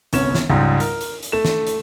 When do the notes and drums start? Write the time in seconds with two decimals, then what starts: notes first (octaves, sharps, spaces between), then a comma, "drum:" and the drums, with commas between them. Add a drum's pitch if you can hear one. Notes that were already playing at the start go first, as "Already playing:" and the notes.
0.13 G1 C2 B3 C#4 E7, drum: hi-hat
0.35 drum: snare
0.50 C#2 G#2 G3
0.80 A#4, drum: hi-hat
1.01 drum: hi-hat
1.23 drum: hi-hat
1.32 A3 E7
1.45 drum: snare
1.67 drum: hi-hat